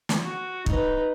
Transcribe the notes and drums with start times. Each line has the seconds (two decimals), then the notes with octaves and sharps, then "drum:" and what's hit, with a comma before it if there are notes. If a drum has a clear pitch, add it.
0.09 drum: snare
0.23 F#4
0.66 D#4 B4, drum: kick